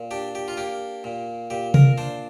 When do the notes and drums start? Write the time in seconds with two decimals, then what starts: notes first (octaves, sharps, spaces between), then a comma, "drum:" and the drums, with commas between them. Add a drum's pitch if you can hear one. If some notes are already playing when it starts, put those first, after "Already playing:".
Already playing: A#2
0.11 D4 G4
0.35 G4
0.48 F4
0.57 A#3 G4
1.04 A#2
1.50 A#2 G4
1.74 A#4, drum: tom C3
1.98 D4 C5